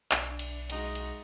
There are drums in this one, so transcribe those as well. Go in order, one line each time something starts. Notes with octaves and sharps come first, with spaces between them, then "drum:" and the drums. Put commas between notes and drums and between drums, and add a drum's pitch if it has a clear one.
B1 D4, drum: clap
drum: cymbal
G#3 D#4 F#4, drum: cymbal
drum: cymbal